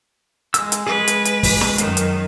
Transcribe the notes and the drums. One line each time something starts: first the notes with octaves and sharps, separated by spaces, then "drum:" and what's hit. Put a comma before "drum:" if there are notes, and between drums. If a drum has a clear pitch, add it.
G#3 E6, drum: hi-hat
drum: hi-hat
G#3 G#4 B4
drum: hi-hat
drum: hi-hat
drum: kick, open hi-hat
drum: snare
F#2 D#3, drum: hi-hat
drum: hi-hat